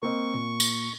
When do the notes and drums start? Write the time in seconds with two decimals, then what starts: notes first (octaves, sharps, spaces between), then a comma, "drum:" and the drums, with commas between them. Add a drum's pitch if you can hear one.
0.03 A#3 C4 D#5 C#6
0.34 A#2
0.60 drum: tambourine